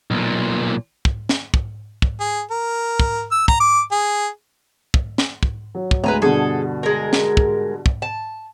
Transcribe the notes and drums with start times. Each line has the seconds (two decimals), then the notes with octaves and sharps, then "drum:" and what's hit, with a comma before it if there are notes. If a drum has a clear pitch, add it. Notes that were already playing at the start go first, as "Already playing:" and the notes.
0.11 B1 A#2
1.05 drum: kick
1.29 drum: snare
1.54 drum: kick
2.02 drum: kick
2.20 G#4
2.51 A#4
3.00 drum: kick
3.31 E6
3.48 A#5, drum: kick
3.60 D6
3.92 G#4
4.94 drum: kick
5.18 drum: snare
5.43 drum: kick
5.75 F#3
5.91 drum: kick
6.04 D2 G#3 B4 G#5 A#5
6.22 G2 B2 D3 G#4 A4
6.83 G#3 A#4
7.13 drum: snare
7.37 drum: kick
7.86 drum: kick
8.02 A5